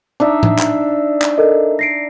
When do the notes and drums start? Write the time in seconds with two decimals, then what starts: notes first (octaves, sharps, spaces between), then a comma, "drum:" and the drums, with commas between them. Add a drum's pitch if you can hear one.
0.20 D4 D#4 E5
0.43 drum: tom A2
0.59 drum: clap
1.22 drum: clap
1.38 A4 A#4 D#5
1.79 A#6 C7 D7